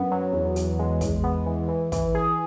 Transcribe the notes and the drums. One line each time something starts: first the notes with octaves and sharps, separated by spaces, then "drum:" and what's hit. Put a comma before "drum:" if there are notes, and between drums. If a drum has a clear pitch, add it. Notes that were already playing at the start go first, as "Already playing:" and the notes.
Already playing: F#2 B3
F#3
E2
E2, drum: hi-hat
G#3
E2, drum: kick, hi-hat
B3
E3
E3
E3, drum: kick, hi-hat
G#4